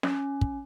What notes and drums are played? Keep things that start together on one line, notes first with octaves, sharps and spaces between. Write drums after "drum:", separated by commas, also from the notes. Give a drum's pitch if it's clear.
C#4, drum: snare
drum: kick